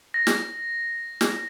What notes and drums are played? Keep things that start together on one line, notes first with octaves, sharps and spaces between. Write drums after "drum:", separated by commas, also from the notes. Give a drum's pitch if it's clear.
A#6
drum: snare
drum: snare